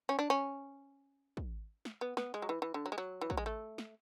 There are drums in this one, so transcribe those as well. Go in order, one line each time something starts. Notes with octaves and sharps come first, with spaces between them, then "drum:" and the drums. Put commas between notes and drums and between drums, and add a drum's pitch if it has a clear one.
C#4
D4
C#4
drum: kick
drum: snare
B3
B3, drum: snare
G#3
F#3
E3
E3
D3
F#3
G#3
F#3
E3
F#3, drum: kick
G#3
A3
drum: snare